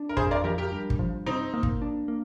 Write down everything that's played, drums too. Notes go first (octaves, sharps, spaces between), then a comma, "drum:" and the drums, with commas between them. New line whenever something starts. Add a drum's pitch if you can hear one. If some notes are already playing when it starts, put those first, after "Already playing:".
Already playing: D4
A#4
F2 G#4 C5, drum: kick
A#4 D5
F3 G4 A#4
G4 A#4
G2
drum: kick
F3
C3 C4 D#4
A#3
drum: kick
D4
A#3